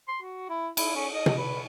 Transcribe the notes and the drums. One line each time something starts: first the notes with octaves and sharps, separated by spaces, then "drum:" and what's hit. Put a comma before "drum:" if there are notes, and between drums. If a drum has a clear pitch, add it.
C6
F#4
E4
E4, drum: cymbal
C#4
D#5
drum: tom
B4